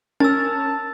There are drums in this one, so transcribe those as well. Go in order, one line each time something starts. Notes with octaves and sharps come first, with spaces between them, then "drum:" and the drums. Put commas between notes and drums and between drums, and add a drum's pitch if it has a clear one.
C#4 A#4 A5 E6 A6, drum: tom C#4